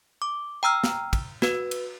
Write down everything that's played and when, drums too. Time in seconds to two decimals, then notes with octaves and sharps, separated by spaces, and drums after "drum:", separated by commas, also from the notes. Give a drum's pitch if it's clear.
0.22 D6
0.63 G5 A#5 E6 F6
0.84 drum: snare
1.13 drum: kick, cymbal
1.42 F#4 B4, drum: snare
1.71 drum: cymbal